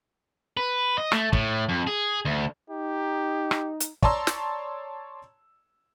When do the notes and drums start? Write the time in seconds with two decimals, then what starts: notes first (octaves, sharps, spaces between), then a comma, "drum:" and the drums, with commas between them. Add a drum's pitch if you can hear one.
0.57 B4
0.98 D#5
1.12 A3, drum: rim click
1.33 A2, drum: kick
1.69 F2
1.87 G#4
2.25 D2
2.71 D#4 G4
3.51 drum: rim click
3.80 drum: hi-hat
4.03 C#5 D5 A5 A#5 C6 E6, drum: kick
4.27 drum: snare